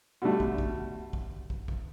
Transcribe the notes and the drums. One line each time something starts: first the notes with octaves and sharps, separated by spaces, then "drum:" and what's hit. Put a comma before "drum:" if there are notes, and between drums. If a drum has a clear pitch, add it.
B2 D3 G3 A3
drum: kick
drum: kick
drum: kick
drum: kick
drum: kick